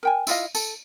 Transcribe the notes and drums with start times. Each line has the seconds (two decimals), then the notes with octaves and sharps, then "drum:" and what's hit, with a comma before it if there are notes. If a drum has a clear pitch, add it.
0.03 A#4 G5 G#5
0.27 E4 F4 D#5 F5, drum: tambourine
0.55 A4, drum: tambourine